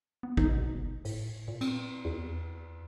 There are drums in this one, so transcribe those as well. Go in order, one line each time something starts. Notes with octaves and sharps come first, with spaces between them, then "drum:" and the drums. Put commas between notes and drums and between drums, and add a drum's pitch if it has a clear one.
B3
D#4, drum: kick
B2
G1
A2, drum: open hi-hat
A#2
C4, drum: cymbal
E2